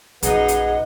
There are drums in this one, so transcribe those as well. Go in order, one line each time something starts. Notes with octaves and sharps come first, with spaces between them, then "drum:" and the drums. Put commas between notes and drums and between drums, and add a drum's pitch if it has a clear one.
A#1 F#2 D#4 G#4 B4 D#5 F#5, drum: hi-hat
drum: hi-hat